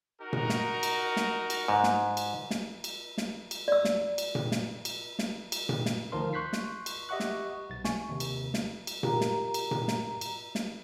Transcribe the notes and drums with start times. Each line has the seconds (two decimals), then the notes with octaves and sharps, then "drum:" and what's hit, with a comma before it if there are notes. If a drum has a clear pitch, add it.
0.19 D#4 F#4 A#4
0.33 drum: tom A#2
0.49 drum: snare
0.83 drum: cymbal
1.16 drum: snare
1.50 drum: cymbal
1.68 G#2
1.83 drum: snare
2.17 drum: cymbal
2.51 drum: snare
2.84 drum: cymbal
3.18 drum: snare
3.51 drum: cymbal
3.68 D5 E6
3.85 drum: snare
4.18 drum: cymbal
4.35 drum: tom A#2
4.52 drum: snare
4.85 drum: cymbal
5.19 drum: snare
5.52 drum: cymbal
5.69 drum: tom A#2
5.86 drum: snare
6.12 D2 D#3 F3 F4 A#4 C6
6.33 C6 C#6 F#6 G6 B6 C7
6.53 drum: snare
6.86 drum: cymbal
7.09 G4 D#5 E5 F#5 C#6 F#6
7.20 drum: snare
7.70 B1 A6
7.85 G#5 C#6, drum: snare
8.09 D#2 C3
8.20 drum: cymbal
8.54 drum: snare
8.87 drum: cymbal
9.03 F4 G4 A#4 A#5, drum: tom A#2
9.21 drum: snare
9.54 drum: cymbal
9.71 drum: tom A#2
9.88 drum: snare
10.21 drum: cymbal
10.55 drum: snare